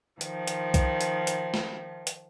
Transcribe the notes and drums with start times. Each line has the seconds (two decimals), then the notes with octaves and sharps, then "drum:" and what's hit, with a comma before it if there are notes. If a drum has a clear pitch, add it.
0.21 D#3 F3, drum: hi-hat
0.47 drum: hi-hat
0.74 drum: kick B1, hi-hat
1.01 drum: hi-hat
1.27 drum: hi-hat
1.54 drum: snare
2.07 drum: hi-hat